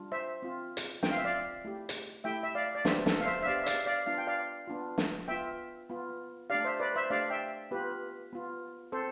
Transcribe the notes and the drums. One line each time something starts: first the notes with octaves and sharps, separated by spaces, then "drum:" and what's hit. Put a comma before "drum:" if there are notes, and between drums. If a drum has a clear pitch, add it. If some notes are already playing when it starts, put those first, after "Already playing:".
Already playing: G3 D4 F4
C5 E5
C4 F4
drum: hi-hat
C4 F4 G5, drum: snare
F5
E5
D5 F5
A3 E4 G4
drum: hi-hat
A3 E4 G4 E5 G5
E5
D5 F5
D5
B3 D4 G4 C5 E5, drum: snare
A4, drum: snare
F5
C5 E5
E5
B3 D4 G4 D5 F5
E5
D5 F5, drum: hi-hat
D5 F5
B3 D4 F4 F5
G5
D5 F5
B3 D4 F4
drum: snare
B3 F4 E5 G5
B3 F4
A3 D4 G4 D5 F5
C5 E5
B4 D5
C5 E5
A3 D4 G4 D5 F5
E5 G5
B3 F4 G4 B4
B3 F4
C4 A4 C5